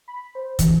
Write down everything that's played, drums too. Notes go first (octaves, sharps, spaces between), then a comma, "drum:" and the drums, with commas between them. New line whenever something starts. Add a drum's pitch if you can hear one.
B5
C5
E3, drum: kick, hi-hat